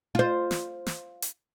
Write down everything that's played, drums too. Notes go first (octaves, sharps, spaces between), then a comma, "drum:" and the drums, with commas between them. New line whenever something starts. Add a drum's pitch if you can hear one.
F4 C5
drum: snare
drum: snare
drum: hi-hat